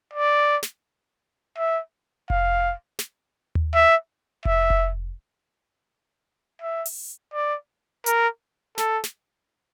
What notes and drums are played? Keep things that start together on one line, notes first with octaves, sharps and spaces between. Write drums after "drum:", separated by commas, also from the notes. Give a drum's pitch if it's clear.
D5
drum: snare
E5
F5, drum: kick F1
drum: snare
drum: tom D#2
E5
E5, drum: kick F1
drum: kick F1
E5
drum: open hi-hat
D5
A#4, drum: hi-hat
A4, drum: snare
drum: snare